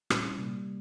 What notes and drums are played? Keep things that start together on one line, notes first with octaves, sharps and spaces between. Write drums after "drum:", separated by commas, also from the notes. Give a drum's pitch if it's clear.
A#2 G3 C#4 E4, drum: rim click
C3 G3 A#3